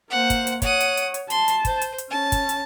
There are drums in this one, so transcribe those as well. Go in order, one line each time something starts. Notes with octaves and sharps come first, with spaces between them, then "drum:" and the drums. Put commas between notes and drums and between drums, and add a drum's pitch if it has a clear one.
A#3 C5 F#5
drum: kick, hi-hat
drum: hi-hat
C#5 F#5 D#6, drum: kick, hi-hat
drum: hi-hat
drum: hi-hat
drum: hi-hat
A5 C6, drum: hi-hat
drum: hi-hat
C5, drum: kick, hi-hat
drum: hi-hat
drum: hi-hat
C#4 A5
drum: kick, hi-hat
drum: hi-hat